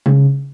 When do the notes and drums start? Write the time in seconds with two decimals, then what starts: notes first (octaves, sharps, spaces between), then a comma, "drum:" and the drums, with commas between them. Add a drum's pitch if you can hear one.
0.06 C#3, drum: tom G#3